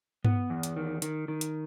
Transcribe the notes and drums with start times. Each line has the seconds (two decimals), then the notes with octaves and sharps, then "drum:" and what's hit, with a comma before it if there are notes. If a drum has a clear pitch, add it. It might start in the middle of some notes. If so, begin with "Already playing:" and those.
0.24 B3, drum: tom G2
0.50 E2
0.63 drum: hi-hat
0.77 D#3
1.02 D#3, drum: hi-hat
1.28 D#3
1.41 drum: hi-hat